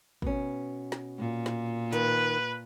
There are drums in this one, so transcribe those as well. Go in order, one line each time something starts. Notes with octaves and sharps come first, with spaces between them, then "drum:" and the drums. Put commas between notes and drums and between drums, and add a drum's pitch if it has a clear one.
B2 C#4, drum: kick
drum: snare
A#2
drum: snare
D#3 B4, drum: hi-hat